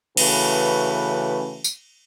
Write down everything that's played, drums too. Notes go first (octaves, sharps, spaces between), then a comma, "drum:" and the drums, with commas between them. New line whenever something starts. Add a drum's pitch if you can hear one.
C#3 E3 A3 C#4 F#4 B4, drum: cymbal
drum: tambourine